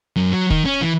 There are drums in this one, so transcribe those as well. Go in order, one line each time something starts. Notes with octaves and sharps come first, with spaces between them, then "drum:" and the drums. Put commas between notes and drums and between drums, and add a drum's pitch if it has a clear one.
F#2
F#3
D#3, drum: kick F1
C#4
E3